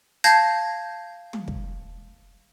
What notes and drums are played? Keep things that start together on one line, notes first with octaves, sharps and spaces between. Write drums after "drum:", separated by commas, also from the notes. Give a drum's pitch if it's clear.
F5 A5 G6 G#6 A#6 C7, drum: hi-hat
drum: tom
drum: kick